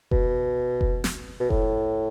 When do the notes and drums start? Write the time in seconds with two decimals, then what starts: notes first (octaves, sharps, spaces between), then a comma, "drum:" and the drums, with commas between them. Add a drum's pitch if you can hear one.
0.11 B2, drum: kick F1
0.81 drum: kick F1
1.04 drum: snare
1.40 B2
1.50 A2, drum: kick F1